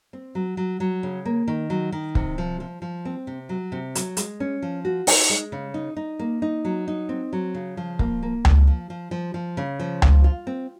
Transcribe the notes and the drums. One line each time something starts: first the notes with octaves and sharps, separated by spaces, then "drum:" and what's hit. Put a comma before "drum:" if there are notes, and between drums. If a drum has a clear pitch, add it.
C4
F#3
F#3
F#3
C#3
A#3
D#3
F#3
D#3
C3, drum: kick
F3
F3
F3
C4
C3
F#3
C3
F#3, drum: hi-hat
G#3, drum: hi-hat
C#4
F3
F#4
D#4, drum: open hi-hat
G#3
C#3
D#4
D#4
A#3
D#4
F#3
D#4
C4
F#3
C#3
F3
A#3, drum: kick
A#3
F3, drum: tom C#2
F3
F3
F3
F3
C#3
F3
F4, drum: tom C#2
F4
C4